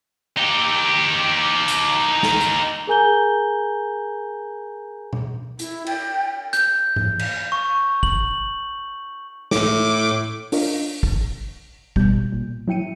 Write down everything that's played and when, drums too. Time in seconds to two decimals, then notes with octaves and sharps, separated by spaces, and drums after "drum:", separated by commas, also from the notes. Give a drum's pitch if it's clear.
0.37 D#4 G4
1.68 drum: hi-hat
2.23 drum: snare
2.41 drum: hi-hat
2.87 G#4 A#4 G#5 A#5 G6 G7
5.13 drum: tom
5.59 E4, drum: hi-hat
5.87 G5, drum: cymbal
6.53 G6, drum: hi-hat
6.96 drum: tom G#2
7.19 drum: cymbal
7.52 C#6
8.03 F#7, drum: kick
9.51 A2 D6, drum: snare
10.52 D4 F4 A#4 C#5 D#5 F5, drum: open hi-hat
11.03 drum: kick
11.96 B2 G3 G6, drum: kick
12.32 A#2
12.68 F#3 E4 G5 C#7 D#7